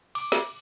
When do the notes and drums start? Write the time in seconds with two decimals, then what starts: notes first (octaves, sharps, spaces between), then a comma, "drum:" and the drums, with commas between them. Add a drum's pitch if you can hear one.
0.15 D6, drum: cymbal
0.32 drum: snare